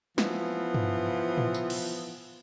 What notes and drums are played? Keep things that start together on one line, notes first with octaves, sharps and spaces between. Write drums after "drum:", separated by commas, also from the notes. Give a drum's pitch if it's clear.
E3 F3 B3, drum: snare
drum: tom G2
drum: tom A2
drum: tambourine
drum: cymbal